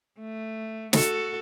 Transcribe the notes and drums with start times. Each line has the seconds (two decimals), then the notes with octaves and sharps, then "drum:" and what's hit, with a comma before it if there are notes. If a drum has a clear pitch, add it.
0.19 A3
0.93 F#4 A4, drum: snare